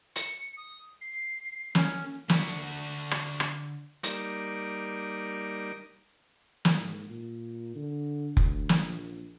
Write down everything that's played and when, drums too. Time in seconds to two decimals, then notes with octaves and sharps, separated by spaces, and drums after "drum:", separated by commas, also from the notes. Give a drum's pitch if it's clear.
0.16 C#7, drum: hi-hat
0.57 D#6
1.01 C7
1.75 C#4, drum: snare
2.29 D3 D4 F#4 E5 F#5, drum: snare
3.11 drum: rim click
3.40 drum: rim click
4.03 G3 A#3 D#4 A#4 D5, drum: hi-hat
6.65 drum: snare
6.80 G#2
7.09 A#2
7.76 D3
8.37 D2, drum: kick F1
8.69 drum: snare
8.83 A#1